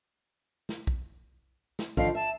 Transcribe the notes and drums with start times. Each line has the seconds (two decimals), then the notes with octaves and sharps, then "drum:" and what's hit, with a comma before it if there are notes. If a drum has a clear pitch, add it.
0.69 drum: snare
0.87 drum: kick
1.79 drum: snare
1.97 D3 D#3 F3 F5, drum: kick
2.15 E5 A5